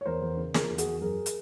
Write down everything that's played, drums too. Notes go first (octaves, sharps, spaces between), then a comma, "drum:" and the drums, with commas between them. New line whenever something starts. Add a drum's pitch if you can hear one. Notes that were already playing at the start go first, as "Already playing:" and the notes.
C#5
E2 A#4 C5
E2
C#3
F3 G#4 A#4, drum: snare
E2
F#4 G#4, drum: hi-hat
E2
F#2 G#4 A#4
drum: hi-hat